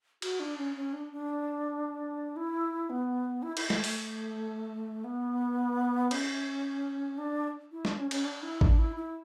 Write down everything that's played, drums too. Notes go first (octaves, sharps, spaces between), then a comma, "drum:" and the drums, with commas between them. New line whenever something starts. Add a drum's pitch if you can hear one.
F#4, drum: cymbal
D4
C#4
C#4
D4
D4
E4
B3
E4
E4, drum: cymbal
A3, drum: snare
A3, drum: open hi-hat
B3
C#4, drum: cymbal
D4
E4
D4, drum: snare
C#4
C#4, drum: cymbal
D4
E4
D4, drum: kick
E4
E4